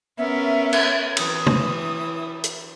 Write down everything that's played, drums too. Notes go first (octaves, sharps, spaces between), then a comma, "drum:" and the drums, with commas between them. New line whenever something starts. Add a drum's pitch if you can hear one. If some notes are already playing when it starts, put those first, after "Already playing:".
B3 C#4 A#4 E5
drum: cymbal
E3 E4 D#6, drum: cymbal
drum: tom
drum: hi-hat